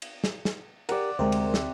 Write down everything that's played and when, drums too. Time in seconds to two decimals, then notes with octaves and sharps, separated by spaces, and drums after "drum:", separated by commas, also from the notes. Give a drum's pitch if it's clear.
0.02 drum: cymbal
0.24 drum: snare
0.45 drum: snare
0.89 G4 A#4 D5 F#5, drum: cymbal
1.19 D2 C3 G#3 A#4 C5
1.32 drum: cymbal
1.54 drum: snare